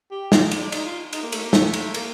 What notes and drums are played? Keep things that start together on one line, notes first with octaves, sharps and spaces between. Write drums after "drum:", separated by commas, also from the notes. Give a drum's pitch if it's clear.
G4
F4, drum: snare
D#4
D4, drum: cymbal
D4
D#4, drum: cymbal
F4
D#4, drum: cymbal
A#3
A3, drum: cymbal
A#3
A3, drum: snare
drum: cymbal
A#3, drum: cymbal